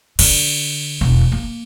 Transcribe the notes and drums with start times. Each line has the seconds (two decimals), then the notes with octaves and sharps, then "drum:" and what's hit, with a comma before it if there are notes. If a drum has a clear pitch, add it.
0.19 D3, drum: cymbal
1.01 E1
1.32 A#3